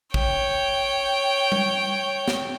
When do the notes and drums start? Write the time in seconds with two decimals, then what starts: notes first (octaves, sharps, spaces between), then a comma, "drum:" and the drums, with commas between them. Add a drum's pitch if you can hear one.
0.14 C#5 G5, drum: kick
1.52 drum: tom G3
2.28 drum: snare